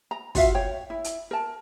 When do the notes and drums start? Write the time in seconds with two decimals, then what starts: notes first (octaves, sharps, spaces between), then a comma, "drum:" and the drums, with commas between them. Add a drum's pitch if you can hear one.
0.11 A#5
0.35 F4 F#4 E5 F5, drum: kick, open hi-hat
0.55 C#5 G5
0.90 E4
1.04 drum: hi-hat
1.31 A#4 A5